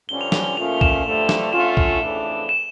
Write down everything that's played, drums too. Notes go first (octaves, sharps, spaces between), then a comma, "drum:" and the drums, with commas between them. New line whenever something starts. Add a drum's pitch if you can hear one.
G2 D3 F3 C#4 G7
F7
F7, drum: snare
G7
A#2 F3 A3 C#4 F4 F7
E7, drum: kick B1
G2 D3 F3 A3
drum: snare
D3 A3 C#4 F4 E7
drum: kick B1
F2 C#3 E3 A3 D4
E7